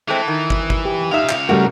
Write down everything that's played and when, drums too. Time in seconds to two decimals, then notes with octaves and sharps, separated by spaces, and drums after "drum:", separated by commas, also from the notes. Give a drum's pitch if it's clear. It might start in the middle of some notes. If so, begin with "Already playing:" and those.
0.08 E3 G#3 A3 C4
0.28 D#3
0.50 drum: kick
0.70 drum: kick
0.85 G4
1.11 C#2 A#2 D#4 E5 F5
1.29 drum: clap
1.49 C#3 G3 A3 F#4 A#4